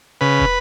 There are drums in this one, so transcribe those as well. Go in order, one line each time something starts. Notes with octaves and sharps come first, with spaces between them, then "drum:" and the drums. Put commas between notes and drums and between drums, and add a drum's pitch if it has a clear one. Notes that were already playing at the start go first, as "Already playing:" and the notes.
C#3 B4
drum: kick